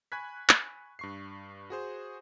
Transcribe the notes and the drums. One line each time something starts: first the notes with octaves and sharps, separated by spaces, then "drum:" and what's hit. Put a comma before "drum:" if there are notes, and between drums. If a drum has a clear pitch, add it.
G#5 B5 C#6 F#6 G#6 B6
drum: clap
G2 C#6 C7
F#4 G#4 C5